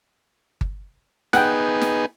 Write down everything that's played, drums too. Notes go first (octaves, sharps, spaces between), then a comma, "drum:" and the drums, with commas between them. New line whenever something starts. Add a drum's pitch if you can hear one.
drum: kick G1
B3 D#4 G#4 F#5 G5, drum: snare
drum: snare